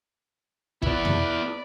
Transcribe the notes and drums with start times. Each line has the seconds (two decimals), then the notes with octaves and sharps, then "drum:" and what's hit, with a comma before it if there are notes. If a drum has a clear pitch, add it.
0.82 B3 E4 B4 D5, drum: kick
1.05 drum: tom E2